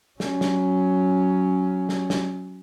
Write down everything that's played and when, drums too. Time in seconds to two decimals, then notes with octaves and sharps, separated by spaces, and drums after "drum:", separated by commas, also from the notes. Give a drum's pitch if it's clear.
0.20 F#3 C#4, drum: snare
0.41 drum: snare
1.89 drum: snare
2.10 drum: snare